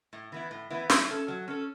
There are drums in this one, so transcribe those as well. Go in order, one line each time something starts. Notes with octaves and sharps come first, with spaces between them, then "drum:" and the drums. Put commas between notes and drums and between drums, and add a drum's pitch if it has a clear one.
A2
E3 B3 E4
A2
E3 B3 E4
F#3, drum: snare
C#4 A4
F#3
C#4 A4